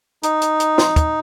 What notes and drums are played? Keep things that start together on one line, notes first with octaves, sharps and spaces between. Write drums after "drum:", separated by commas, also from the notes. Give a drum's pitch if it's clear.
D#4, drum: hi-hat
drum: hi-hat
drum: hi-hat
drum: snare
drum: kick, hi-hat